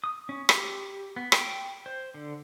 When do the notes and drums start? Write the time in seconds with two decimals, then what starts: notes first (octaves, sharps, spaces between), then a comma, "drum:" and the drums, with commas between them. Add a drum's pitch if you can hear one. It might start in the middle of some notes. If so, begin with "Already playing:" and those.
0.04 D#6
0.29 C#4
0.49 G4, drum: rim click
1.16 B3
1.32 G5, drum: rim click
1.86 C5
2.14 D3